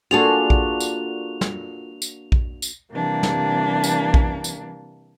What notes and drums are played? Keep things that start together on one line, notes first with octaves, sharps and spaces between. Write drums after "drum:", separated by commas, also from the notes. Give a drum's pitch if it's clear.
A#3 D4 F4 F#4 G#4 A4 F7
drum: kick A#1
drum: tambourine
drum: snare
drum: tambourine
drum: kick A#1
drum: tambourine
C3 E3 G3 A#3 D4
drum: snare
drum: tambourine
drum: kick A#1
drum: tambourine